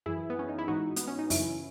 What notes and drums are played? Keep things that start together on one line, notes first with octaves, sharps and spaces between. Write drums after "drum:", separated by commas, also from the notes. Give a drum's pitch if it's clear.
F#2 E3 E4 G#4
B3
C#4
D#4
E4
G#2 E3 D#4 F#4
B3, drum: hi-hat
C#4
D#4
F#2 C#3 E3 C#4 E4, drum: open hi-hat